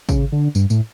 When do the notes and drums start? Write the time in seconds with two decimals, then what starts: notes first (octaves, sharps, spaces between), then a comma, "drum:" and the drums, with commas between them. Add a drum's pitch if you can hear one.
0.09 C#3, drum: kick, tambourine
0.32 D3
0.55 G2, drum: tambourine
0.70 A2, drum: tambourine